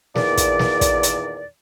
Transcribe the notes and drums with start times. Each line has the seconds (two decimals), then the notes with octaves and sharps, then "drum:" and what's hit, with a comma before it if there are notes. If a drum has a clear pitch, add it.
0.15 E2 A#2 D#3 D5, drum: snare
0.37 drum: kick, hi-hat
0.59 drum: snare
0.81 drum: kick, hi-hat
1.03 drum: hi-hat